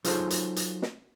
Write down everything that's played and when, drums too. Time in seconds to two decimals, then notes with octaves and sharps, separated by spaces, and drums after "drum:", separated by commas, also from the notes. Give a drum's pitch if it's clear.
0.04 F#3 D#4 F4 G#4 A4 C5, drum: hi-hat
0.30 drum: hi-hat
0.56 drum: hi-hat
0.82 drum: snare